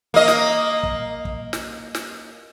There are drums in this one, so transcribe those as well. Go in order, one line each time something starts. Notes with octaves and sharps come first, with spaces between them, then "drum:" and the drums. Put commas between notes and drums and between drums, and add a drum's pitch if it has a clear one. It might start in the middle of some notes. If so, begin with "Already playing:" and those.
A#3 D#5
drum: snare
drum: kick
drum: kick
drum: snare
drum: snare